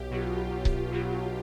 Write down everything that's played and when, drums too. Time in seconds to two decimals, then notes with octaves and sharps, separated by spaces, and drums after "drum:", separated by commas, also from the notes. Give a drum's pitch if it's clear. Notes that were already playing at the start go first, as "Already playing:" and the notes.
Already playing: B1 G4
0.10 B2 F#3 F4
0.50 B1
0.65 drum: kick C#1
0.91 B2 F#3